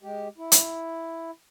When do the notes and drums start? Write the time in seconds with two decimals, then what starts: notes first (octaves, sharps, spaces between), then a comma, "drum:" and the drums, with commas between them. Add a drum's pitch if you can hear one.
0.03 G#3 G4
0.38 E4
0.52 drum: hi-hat